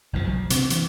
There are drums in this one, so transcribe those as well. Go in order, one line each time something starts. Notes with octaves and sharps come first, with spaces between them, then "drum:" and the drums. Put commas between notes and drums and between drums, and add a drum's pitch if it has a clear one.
F#1 F2 B2 F3
B1 F3 F#3
C3 C4, drum: hi-hat
E3, drum: hi-hat